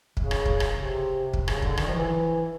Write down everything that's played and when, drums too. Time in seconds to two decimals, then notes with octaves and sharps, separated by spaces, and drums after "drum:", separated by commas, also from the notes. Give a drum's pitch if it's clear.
0.17 C#3, drum: kick
0.31 drum: rim click
0.46 drum: kick
0.60 drum: rim click
0.75 C3
1.34 drum: kick
1.48 C#3, drum: rim click
1.62 D3, drum: kick
1.77 D#3, drum: rim click
1.88 F3
1.93 E3